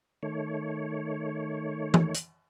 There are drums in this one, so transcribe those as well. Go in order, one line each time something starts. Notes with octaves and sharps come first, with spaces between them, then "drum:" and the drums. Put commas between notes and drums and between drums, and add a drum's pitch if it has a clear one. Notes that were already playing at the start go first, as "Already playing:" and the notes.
D#3 A3 C#5
drum: tom
drum: hi-hat